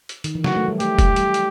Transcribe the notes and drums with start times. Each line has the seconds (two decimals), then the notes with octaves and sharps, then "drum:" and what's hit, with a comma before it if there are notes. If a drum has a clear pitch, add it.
0.09 drum: hi-hat
0.24 D#3, drum: hi-hat
0.35 E3
0.44 F#3 F#4, drum: snare
0.56 A3
0.68 G3
0.80 A3 G4, drum: hi-hat
0.99 drum: kick, hi-hat
1.16 G3, drum: hi-hat
1.34 drum: hi-hat